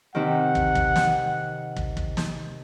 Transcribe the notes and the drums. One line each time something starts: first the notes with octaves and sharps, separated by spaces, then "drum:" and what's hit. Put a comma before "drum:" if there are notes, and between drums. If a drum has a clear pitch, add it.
C3 D#3 F#5
drum: kick
drum: kick
drum: snare
drum: kick
drum: kick
drum: snare